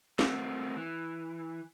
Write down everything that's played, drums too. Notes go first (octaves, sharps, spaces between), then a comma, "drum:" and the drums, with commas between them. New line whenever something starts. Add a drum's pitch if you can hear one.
A3 A#3 C4 F#4, drum: snare
E3